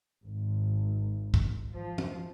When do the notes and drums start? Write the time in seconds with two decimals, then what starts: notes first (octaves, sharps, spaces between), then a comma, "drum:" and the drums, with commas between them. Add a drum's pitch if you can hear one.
0.24 G#1
1.34 drum: kick
1.73 F3
1.98 drum: tom